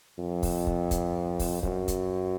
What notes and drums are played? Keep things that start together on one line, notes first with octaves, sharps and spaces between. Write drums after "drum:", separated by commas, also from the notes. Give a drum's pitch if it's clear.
F2
drum: kick, open hi-hat
drum: kick
drum: kick, hi-hat
drum: kick, open hi-hat
F#2, drum: kick
drum: kick, hi-hat